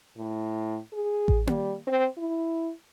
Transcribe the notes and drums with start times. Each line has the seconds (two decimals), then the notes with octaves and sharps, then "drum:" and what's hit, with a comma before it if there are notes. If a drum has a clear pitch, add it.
0.17 A2
0.93 G#4
1.28 drum: kick A1
1.47 G3, drum: tom A#3
1.87 C4
2.17 E4